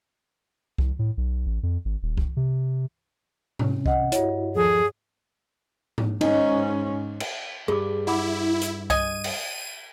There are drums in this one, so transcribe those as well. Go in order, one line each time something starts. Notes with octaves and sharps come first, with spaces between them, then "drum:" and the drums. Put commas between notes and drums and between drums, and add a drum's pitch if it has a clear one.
C2, drum: kick C2
A2
B1
A1
F2
G#1
D#1
drum: kick C2
C3
C3 C#4, drum: tom G#2
D#5 F#5, drum: kick C2
G2 E4 F#4 C#5, drum: hi-hat
D#2 F3 G#4 A4
drum: tom G#2
G#2 C#4 D#4, drum: cymbal
drum: cymbal
G2 G#4 D6
E4 F#5 B5 D6
drum: hi-hat
D#5 G#5 D#7, drum: kick C2
drum: cymbal